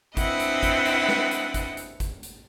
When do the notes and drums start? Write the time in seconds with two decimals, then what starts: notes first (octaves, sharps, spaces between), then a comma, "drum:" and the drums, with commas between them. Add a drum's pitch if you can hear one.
0.17 C4 D4 E4 B4 D#5 F#5, drum: kick G#1, hi-hat
0.40 drum: hi-hat
0.63 drum: kick G#1, hi-hat
0.86 drum: hi-hat
1.09 drum: snare
1.31 drum: hi-hat
1.54 drum: kick G#1, hi-hat
1.77 drum: hi-hat
2.00 drum: kick G#1, hi-hat
2.23 drum: hi-hat